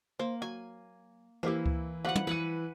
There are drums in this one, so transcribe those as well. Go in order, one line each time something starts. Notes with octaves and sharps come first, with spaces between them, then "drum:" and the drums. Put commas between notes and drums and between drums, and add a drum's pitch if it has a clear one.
A#3 C5
F#3 G#5
E3 A#3 E4 G4 A#4 C5
drum: kick C#2
F3 G3 F#4 B4 F#5
drum: tom
E3 B4 F#5 C#6 D#7